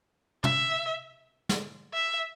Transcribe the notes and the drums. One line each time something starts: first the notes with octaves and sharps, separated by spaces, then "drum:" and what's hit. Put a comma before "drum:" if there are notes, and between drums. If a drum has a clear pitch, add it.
E5, drum: tom
drum: snare
E5